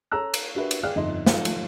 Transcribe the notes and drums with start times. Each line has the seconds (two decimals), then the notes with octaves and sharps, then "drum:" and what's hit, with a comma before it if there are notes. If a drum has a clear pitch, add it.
0.11 A4 C#5 A#5 E6 F#6
0.34 drum: cymbal
0.55 D4 F#4 G4 A#4 B4 E5
0.71 drum: cymbal
0.83 G#4 D5 F5 G5 F6 F#6
0.95 G1 F2 D#4 D#5 E5 C6
1.26 F3 A3 D#4 F4, drum: snare
1.45 drum: cymbal